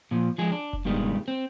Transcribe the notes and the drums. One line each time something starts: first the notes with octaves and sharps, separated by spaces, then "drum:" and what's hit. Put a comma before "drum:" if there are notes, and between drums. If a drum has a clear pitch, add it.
A#2 F3
F3 G#3 G#4
D4
drum: kick F1
G2 B2 D#3 G3 G#3
C4